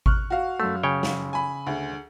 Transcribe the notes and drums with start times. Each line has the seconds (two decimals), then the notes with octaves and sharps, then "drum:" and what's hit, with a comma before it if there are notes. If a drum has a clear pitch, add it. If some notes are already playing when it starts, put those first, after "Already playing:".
0.06 C#6 F6 F#6, drum: kick G#1
0.30 F#4 F5
0.60 F#2 A3 E6
0.83 C#3 C#5 G5
1.03 drum: snare
1.33 G#5 B5
1.67 D2 G#4 F#5